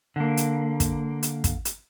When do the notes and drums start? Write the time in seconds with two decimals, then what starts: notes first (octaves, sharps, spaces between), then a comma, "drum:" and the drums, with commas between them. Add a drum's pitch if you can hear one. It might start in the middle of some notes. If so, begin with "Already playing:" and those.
0.16 D3 A#3
0.37 drum: hi-hat
0.80 drum: kick, hi-hat
1.23 drum: hi-hat
1.44 drum: kick, hi-hat
1.65 drum: hi-hat